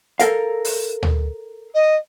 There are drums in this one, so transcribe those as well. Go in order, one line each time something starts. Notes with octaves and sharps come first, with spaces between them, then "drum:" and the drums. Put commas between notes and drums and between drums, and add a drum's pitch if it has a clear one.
A4 A#4 F5, drum: hi-hat
drum: open hi-hat
drum: tom
D#5